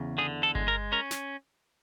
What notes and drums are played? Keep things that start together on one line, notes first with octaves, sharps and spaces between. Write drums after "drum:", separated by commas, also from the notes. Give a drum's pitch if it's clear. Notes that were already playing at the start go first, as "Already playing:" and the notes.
Already playing: E2 C#3
D3 G#4
A4
G#3, drum: kick G1
A#4
C#4 A#4
drum: snare